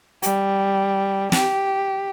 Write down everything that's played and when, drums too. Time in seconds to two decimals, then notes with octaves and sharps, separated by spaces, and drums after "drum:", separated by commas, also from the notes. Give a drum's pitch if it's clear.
0.23 G3, drum: hi-hat
1.32 G4, drum: snare